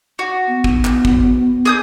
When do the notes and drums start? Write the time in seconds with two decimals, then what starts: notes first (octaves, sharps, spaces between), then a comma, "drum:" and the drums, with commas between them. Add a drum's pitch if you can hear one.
0.19 F#4
0.48 B3
0.64 drum: kick
0.85 drum: clap
1.05 drum: kick
1.65 G#4 D#6 G6